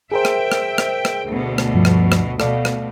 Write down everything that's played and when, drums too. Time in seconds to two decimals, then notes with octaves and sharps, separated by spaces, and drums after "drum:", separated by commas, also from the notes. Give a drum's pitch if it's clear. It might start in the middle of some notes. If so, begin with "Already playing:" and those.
0.12 G#4 A#4 C5 E5 G5
0.25 drum: rim click
0.52 drum: rim click
0.78 drum: rim click
1.05 drum: rim click
1.26 D2 B2
1.58 drum: rim click
1.74 G2 F3
1.85 drum: rim click
2.12 drum: rim click
2.40 B2 A3 A4 D5 F5, drum: rim click
2.65 drum: rim click